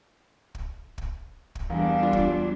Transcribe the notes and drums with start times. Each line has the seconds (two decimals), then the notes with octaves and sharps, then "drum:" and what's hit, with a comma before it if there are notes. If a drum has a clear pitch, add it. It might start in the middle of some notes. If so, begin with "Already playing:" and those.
0.55 drum: kick
0.98 drum: kick
1.55 drum: kick
1.70 E2 G3 A#3 D4
2.03 F4
2.13 drum: kick